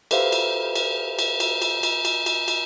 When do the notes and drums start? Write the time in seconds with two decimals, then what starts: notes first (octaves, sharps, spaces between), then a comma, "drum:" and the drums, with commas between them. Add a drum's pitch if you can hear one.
0.11 G4 A4 B4 C5 E5 F5, drum: cymbal
0.32 drum: cymbal
0.75 drum: cymbal
1.19 drum: cymbal
1.40 drum: cymbal
1.62 drum: cymbal
1.83 drum: cymbal
2.05 drum: cymbal
2.26 drum: cymbal
2.48 drum: cymbal